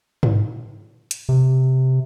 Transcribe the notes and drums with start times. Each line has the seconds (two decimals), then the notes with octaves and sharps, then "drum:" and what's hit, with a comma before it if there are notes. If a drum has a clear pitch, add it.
0.23 drum: tom
1.11 drum: hi-hat
1.29 C3